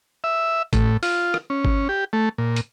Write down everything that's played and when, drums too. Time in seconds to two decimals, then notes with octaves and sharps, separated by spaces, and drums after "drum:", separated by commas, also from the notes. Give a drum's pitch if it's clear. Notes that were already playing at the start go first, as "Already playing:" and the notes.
0.24 E5
0.73 A2, drum: kick G#1, hi-hat
1.03 F4, drum: open hi-hat
1.34 drum: rim click
1.50 C#4
1.65 drum: kick G#1
1.89 G4
2.13 A3
2.38 A#2
2.56 drum: hi-hat